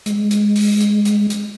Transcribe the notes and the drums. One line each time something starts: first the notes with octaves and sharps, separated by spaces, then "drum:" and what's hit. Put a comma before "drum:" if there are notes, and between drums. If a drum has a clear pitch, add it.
G#3, drum: hi-hat
drum: hi-hat
drum: open hi-hat
drum: hi-hat
drum: hi-hat
drum: hi-hat